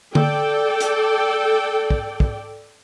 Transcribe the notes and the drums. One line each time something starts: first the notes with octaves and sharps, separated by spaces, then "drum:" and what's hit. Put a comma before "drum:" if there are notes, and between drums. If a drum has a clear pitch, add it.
A4 D5 G5, drum: tom D3
drum: hi-hat
drum: kick
drum: kick